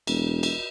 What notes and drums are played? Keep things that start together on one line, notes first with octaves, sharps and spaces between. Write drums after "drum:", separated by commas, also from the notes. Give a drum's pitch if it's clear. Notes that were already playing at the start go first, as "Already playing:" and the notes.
E1, drum: cymbal
drum: cymbal